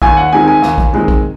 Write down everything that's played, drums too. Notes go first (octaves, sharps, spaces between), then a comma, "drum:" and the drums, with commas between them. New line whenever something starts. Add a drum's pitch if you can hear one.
D#2 G#5, drum: kick
F#5
D#3 G#3 C4 D#4 G#5
G#5
D#2, drum: snare
drum: kick
D#3 G#3 C4 D#4, drum: tom C3
drum: kick